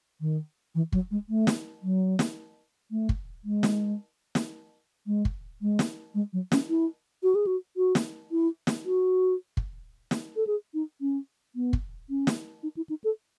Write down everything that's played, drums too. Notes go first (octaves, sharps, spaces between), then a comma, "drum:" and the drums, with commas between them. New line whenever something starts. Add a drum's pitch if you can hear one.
D#3
E3
F#3, drum: kick
G#3
A3
drum: snare
F#3
drum: snare
A3
drum: kick
G#3
drum: snare
drum: snare
G#3
drum: kick
G#3
drum: snare
G#3
F#3
C#4, drum: snare
E4
F#4
G#4
F#4
F#4
drum: snare
E4
drum: snare
F#4
drum: kick
drum: snare
A4
G#4
D#4
C#4
B3
drum: kick
C#4
drum: snare
D#4
E4
D#4
A4